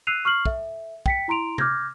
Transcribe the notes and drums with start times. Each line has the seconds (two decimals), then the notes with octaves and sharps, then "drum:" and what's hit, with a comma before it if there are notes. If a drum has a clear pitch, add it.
0.07 E6 F#6 C7 D#7 F7
0.25 C#6 F6 C7 F#7
0.45 A4 E5, drum: kick
1.06 G5 B6 C#7, drum: kick
1.28 E4 A#5 C6 D7 F7
1.58 D6 F6 G6 G#6 A#6, drum: tom